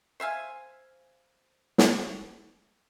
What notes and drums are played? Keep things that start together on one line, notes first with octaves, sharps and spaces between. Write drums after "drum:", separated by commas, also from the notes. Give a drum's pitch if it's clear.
C5 E5 F5 G#5
drum: snare